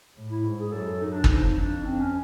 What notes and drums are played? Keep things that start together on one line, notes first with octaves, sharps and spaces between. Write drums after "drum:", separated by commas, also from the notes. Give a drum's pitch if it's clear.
A2
E4
G#2
G#4
F#2 A4
D#4
D4
D#4, drum: kick
F2
F2 D4
C4
C#4